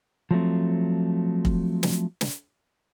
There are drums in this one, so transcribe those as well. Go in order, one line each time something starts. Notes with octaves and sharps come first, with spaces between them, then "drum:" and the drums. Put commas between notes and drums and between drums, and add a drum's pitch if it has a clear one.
F3 F#3 A3 C4
drum: kick
drum: snare
drum: snare